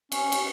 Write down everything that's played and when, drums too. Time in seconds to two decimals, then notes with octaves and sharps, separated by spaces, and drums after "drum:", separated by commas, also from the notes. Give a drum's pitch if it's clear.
0.12 C#4, drum: cymbal
0.32 drum: cymbal